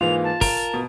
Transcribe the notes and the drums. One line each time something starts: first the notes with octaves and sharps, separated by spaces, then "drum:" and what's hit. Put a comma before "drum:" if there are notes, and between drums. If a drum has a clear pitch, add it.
G#2 E3 A#3 F4 F7
A5
A#4 D7, drum: kick, open hi-hat
B2